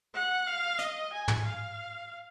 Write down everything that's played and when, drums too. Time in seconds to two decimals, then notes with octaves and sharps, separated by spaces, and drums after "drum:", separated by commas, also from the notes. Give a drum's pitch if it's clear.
0.14 F#5
0.47 F5
0.79 D#5, drum: hi-hat
1.12 G#5
1.28 drum: tom
1.45 F5